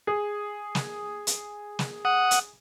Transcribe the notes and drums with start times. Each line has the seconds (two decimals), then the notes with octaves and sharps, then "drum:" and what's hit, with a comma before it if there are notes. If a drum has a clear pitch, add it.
0.07 G#4
0.75 drum: snare
1.27 drum: hi-hat
1.79 drum: snare
2.05 F#5 D#6
2.31 drum: hi-hat